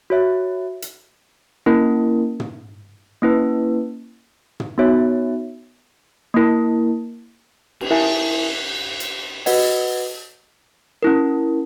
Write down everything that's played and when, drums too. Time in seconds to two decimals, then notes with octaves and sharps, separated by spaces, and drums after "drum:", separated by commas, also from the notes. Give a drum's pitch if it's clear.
0.10 F#4 C#5 E5
0.82 drum: hi-hat
1.66 A#3 C#4 E4 A#4
2.40 drum: tom
3.22 A#3 C#4 E4 B4
4.60 drum: tom
4.78 B3 D#4 F#4 C#5 E5
6.34 A#3 E4 A#4
7.81 drum: cymbal
7.90 E4 A#4 E5 G#5
9.00 drum: hi-hat
9.46 F#4 B4 D#5 F#5, drum: open hi-hat
11.03 C#4 E4 A#4